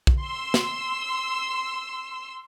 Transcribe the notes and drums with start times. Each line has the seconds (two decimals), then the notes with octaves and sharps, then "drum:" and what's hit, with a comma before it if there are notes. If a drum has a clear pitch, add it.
0.07 drum: kick B1
0.24 C6 E6
0.54 drum: snare